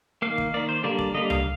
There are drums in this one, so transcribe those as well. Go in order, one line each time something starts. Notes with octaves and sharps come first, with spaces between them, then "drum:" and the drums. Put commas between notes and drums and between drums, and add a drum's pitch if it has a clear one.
D#3 A#3 F5
drum: kick
D#3 A#3 D5
C5
D3 G3 A#3 D5
D5, drum: kick
D3 G3 A#3 D#5
F5, drum: tom C#2